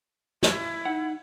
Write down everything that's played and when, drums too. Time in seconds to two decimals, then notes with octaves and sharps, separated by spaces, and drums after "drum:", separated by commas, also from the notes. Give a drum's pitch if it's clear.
0.43 E4, drum: snare
0.86 D#4 F#5